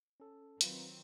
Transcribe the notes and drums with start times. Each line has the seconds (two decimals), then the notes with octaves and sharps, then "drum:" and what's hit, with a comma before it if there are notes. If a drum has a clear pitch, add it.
0.20 C#4 A4
0.61 D#3 F#3 C4 F4 B4, drum: hi-hat